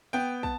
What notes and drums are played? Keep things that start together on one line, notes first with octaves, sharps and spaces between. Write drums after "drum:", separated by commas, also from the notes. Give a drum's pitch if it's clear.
B3 G5
A5, drum: kick